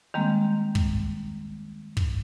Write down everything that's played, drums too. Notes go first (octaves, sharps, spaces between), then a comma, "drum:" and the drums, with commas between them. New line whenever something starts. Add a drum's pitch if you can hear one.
D#3 G3 G#3 A#3 C4
drum: kick
drum: kick